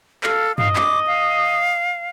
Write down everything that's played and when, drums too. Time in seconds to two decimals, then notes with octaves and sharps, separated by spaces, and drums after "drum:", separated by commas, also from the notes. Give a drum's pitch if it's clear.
0.23 A4 F5, drum: clap
0.58 D#5 F5, drum: tom
0.76 D6, drum: clap
1.07 F5